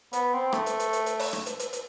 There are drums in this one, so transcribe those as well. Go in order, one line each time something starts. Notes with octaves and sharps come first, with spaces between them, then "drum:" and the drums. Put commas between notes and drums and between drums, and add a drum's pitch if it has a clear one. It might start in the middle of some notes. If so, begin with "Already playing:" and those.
B3, drum: hi-hat
C4
A3, drum: rim click
drum: hi-hat
drum: hi-hat
drum: hi-hat
drum: hi-hat
drum: open hi-hat
drum: rim click
drum: hi-hat
drum: hi-hat
drum: hi-hat